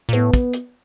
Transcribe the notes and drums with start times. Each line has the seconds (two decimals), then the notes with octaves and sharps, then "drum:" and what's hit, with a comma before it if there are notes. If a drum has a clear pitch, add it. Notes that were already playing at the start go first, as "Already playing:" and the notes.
0.09 A#2
0.13 A2 B3, drum: hi-hat
0.34 drum: kick, hi-hat
0.53 drum: hi-hat